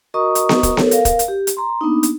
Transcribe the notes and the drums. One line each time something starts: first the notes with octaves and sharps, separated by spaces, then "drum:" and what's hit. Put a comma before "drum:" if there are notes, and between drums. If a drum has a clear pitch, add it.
F#4 A#4 D#5 A#5 C#6 D#6
drum: hi-hat
drum: snare B3
drum: kick, hi-hat
A4 A#4 C#5, drum: snare B3
A#4 F5, drum: hi-hat
drum: kick, hi-hat
drum: hi-hat
G4
drum: hi-hat
A#5 C6
A#3 B3 D4 D#4
drum: hi-hat